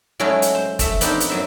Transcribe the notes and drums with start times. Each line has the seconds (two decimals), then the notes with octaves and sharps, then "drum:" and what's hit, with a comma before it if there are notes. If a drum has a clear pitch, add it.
0.20 F#3 G#3 A3 C#4 E4 F#4
0.42 drum: hi-hat
0.55 C5
0.79 A3 E5, drum: kick, hi-hat
1.01 B3 C4 D4 D#4 G4 C5, drum: hi-hat
1.20 drum: hi-hat
1.29 F#2 F#3 E5